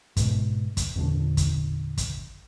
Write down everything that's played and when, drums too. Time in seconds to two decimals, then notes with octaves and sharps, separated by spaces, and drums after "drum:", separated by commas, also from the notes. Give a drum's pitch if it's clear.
0.17 G#2 B2, drum: kick, hi-hat
0.77 drum: kick, hi-hat
0.96 E2 A#2 D3 D4
1.37 drum: kick, hi-hat
1.98 drum: kick, hi-hat